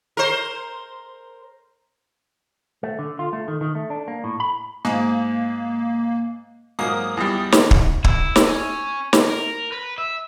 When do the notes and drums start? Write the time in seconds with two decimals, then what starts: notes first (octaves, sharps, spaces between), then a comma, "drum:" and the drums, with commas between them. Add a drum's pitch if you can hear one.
0.17 A#4 C5
2.83 A3
2.99 D3
3.19 F4
3.33 A3
3.48 D#3
3.61 D#3
3.75 A3
3.90 D4
4.08 A#3
4.24 A2
4.40 B5
4.85 G#2 A#3
6.79 G#2 F#3 A#3 D#6
7.17 E2 G3
7.52 drum: snare
7.71 drum: kick
8.04 E4, drum: kick
8.36 drum: snare
8.49 C#4
9.13 drum: snare
9.29 A#4
9.72 B4
9.98 E5